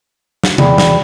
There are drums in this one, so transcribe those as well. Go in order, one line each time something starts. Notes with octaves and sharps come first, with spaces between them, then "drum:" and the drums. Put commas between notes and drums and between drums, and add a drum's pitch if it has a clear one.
drum: snare
E2 D5 G5 B5, drum: tom C3
drum: snare